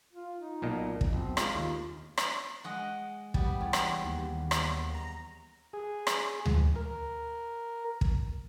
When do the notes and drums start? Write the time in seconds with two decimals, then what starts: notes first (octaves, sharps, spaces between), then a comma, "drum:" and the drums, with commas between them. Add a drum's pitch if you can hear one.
0.13 F4
0.40 D#4
0.62 B1 A#2 D#5
1.01 drum: kick
1.13 B1 C4
1.37 G#3 F4, drum: rim click
1.55 D#2
2.17 drum: rim click
2.64 G#3 D#5 F#5
3.34 G3 B3, drum: kick
3.61 E2
3.73 drum: rim click
4.04 D#2
4.51 drum: rim click
4.95 A#5
5.73 G#4
6.07 drum: rim click
6.46 drum: tom D2
6.76 A#4
8.01 drum: kick